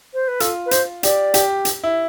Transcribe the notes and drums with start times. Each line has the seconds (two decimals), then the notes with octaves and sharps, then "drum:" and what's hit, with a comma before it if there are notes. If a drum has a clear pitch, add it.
0.13 C5
0.28 B4
0.40 F4 A4, drum: hi-hat
0.66 B4
0.71 C5, drum: hi-hat
1.03 G4 D5, drum: hi-hat
1.34 G4, drum: hi-hat
1.65 drum: hi-hat
1.84 E4